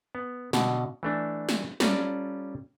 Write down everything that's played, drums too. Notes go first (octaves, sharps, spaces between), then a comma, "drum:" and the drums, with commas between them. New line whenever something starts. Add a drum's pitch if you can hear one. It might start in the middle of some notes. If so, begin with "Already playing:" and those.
B3
B2 D3, drum: snare
E3 A3 D4
drum: snare
G3 C#4 F4 A4 D5 A#5, drum: snare